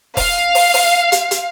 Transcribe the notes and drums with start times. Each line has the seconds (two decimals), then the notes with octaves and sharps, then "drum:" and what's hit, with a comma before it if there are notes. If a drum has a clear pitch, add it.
0.17 F5, drum: kick E1, open hi-hat
0.55 drum: open hi-hat
0.74 drum: open hi-hat
1.12 drum: hi-hat
1.31 drum: hi-hat